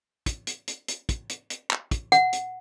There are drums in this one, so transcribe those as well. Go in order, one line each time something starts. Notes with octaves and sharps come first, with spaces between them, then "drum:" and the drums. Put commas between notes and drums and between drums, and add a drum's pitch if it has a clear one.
drum: kick, hi-hat
drum: hi-hat
drum: hi-hat
drum: hi-hat
drum: kick, hi-hat
drum: hi-hat
drum: hi-hat
drum: clap
drum: kick, hi-hat
F#5, drum: hi-hat
drum: hi-hat